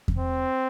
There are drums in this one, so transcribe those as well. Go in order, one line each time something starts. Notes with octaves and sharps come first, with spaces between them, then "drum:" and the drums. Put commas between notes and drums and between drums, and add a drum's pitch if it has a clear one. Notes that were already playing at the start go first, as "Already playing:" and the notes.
drum: kick E2
C4